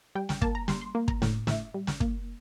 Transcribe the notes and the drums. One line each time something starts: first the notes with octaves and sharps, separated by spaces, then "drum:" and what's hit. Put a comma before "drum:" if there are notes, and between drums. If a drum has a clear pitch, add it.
G3 G5
G5, drum: snare
A#3 A5, drum: kick
A#5
G3 C6, drum: snare
C6
A#3
A#5, drum: kick
A2, drum: snare
A2 E5, drum: snare
G3
drum: snare
A#3, drum: kick